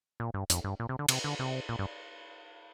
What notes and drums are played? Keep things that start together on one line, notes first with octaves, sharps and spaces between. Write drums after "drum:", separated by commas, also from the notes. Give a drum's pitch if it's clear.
A#2
G2
F2, drum: hi-hat
G2
A#2
C3
D3
C3, drum: cymbal
D3
C3
A#2
G2